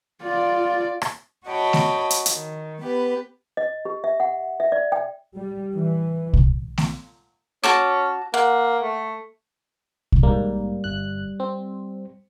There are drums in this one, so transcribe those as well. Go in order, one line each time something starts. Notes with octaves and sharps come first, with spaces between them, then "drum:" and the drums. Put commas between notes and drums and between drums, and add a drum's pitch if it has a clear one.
F4 D5
drum: rim click
F#4 C#5 D#5 G5 A5 B5
drum: snare A3
drum: hi-hat
D#3, drum: hi-hat
B3 G4 B4
D#5
G4
E5
F#5
E5
D5
G5
G3
E3
drum: kick
drum: snare A3
C#4 F#4 A5 D6
A#3 F#5
A3
drum: kick
G#2 G3 A#3
G1 F#6
C4